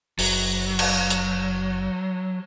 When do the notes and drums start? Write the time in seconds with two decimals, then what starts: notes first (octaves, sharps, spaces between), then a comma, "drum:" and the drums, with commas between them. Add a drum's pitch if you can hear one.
0.19 F#1 F#3, drum: open hi-hat
0.79 drum: cymbal
1.10 drum: hi-hat